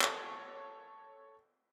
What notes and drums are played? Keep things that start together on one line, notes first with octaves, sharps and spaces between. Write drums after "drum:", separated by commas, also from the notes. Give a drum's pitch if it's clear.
A4 C#5, drum: clap